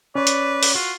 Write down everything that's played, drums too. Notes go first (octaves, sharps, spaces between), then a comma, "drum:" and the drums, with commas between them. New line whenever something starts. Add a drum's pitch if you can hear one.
C#4 B4 C#5 D5
drum: hi-hat
drum: open hi-hat
F4 F#4